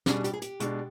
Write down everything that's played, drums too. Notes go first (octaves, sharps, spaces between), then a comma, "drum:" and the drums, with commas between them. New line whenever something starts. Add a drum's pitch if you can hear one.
B2 G3 D4 G#4, drum: snare
G4, drum: hi-hat
G#4
G4, drum: hi-hat
B2 G#3 D4, drum: hi-hat